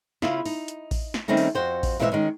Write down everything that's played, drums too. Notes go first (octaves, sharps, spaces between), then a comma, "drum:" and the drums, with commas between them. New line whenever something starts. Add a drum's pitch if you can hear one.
C#3 E4 F4, drum: snare
D#4, drum: open hi-hat
drum: hi-hat
drum: kick A1, open hi-hat
drum: snare
D#3 G3 A3 C4 C#4 D#4
drum: open hi-hat
F2 F#4 C5 G5
drum: kick A1, open hi-hat
A#2 E3 G#3 B4 C5 E5
D#3 G#3 C#4